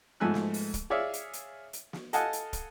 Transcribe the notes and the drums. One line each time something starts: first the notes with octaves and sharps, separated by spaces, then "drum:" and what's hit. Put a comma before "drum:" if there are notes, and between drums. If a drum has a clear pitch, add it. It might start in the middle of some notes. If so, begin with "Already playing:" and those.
G#2 F3 A3 G#5 E6 F#6
drum: snare
drum: open hi-hat
drum: kick, hi-hat
G#4 C#5 D5 E5 F5
drum: hi-hat
drum: hi-hat
drum: hi-hat
drum: snare
A4 D#5 F5 F#5 G#5 A5, drum: hi-hat
drum: hi-hat
drum: kick, hi-hat